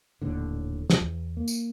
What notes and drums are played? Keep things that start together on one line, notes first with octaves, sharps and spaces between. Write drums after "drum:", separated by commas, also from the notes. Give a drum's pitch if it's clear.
D#1 D#2 A2 D3
drum: snare
E2
A#3
drum: tambourine